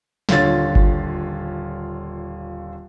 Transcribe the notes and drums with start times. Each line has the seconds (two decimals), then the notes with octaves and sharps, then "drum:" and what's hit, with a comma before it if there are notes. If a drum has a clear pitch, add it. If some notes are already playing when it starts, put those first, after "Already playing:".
0.29 D#1 D3 F4 C#5 A6, drum: snare
0.75 drum: kick G1